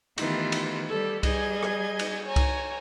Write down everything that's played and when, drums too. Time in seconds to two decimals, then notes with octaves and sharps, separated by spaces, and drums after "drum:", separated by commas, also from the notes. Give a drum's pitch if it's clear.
0.18 D#3 E3 A3 B3 F4 G4, drum: cymbal
0.52 drum: cymbal
0.89 G3 G4 A4
1.23 G3 G#4 D#5 G#5 G#6, drum: kick C2, cymbal
1.63 drum: rim click
1.99 drum: cymbal
2.26 C#5 G#5 A#5
2.36 drum: kick C2, cymbal